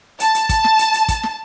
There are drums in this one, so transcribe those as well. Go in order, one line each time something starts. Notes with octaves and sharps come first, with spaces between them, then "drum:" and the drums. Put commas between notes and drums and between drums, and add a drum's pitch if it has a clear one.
A5, drum: hi-hat
drum: hi-hat
drum: kick, hi-hat
drum: snare
drum: hi-hat
drum: hi-hat
drum: kick, hi-hat
drum: snare